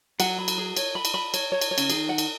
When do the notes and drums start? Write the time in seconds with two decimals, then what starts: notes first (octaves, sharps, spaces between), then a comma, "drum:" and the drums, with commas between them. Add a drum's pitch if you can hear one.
0.20 F#3 F#5, drum: cymbal
0.39 B5
0.48 drum: cymbal
0.58 G#4
0.77 C#5, drum: cymbal
0.95 B5
1.05 drum: cymbal
1.14 B5
1.34 C#5, drum: cymbal
1.52 C#5
1.61 drum: cymbal
1.71 C#5
1.78 C#3, drum: cymbal
1.90 D#3 G#4, drum: cymbal
2.09 F#5
2.18 drum: cymbal